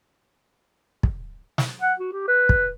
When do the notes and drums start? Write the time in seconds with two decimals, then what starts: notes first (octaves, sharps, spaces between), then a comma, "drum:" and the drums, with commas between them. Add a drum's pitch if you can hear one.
1.03 drum: kick
1.58 drum: snare
1.82 F#5
1.99 F#4
2.13 G4
2.28 B4
2.49 drum: kick